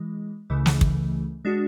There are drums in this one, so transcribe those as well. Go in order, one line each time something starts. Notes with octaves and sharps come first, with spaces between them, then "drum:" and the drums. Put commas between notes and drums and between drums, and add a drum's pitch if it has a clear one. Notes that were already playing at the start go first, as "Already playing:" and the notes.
Already playing: E3 G#3
C#2 C#3 E3 A3
drum: snare
drum: kick
G#3 D4 F#4